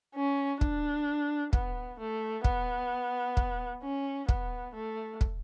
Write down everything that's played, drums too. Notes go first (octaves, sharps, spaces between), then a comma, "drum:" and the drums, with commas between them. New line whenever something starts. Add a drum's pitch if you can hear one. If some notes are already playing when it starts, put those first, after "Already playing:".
C#4
D4, drum: kick
B3, drum: kick
A3
B3, drum: kick
drum: kick
C#4
B3, drum: kick
A3
drum: kick